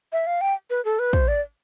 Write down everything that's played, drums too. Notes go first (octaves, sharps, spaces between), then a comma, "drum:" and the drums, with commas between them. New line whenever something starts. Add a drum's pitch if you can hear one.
E5
F5
G5
B4
A4
B4
C5, drum: kick
D5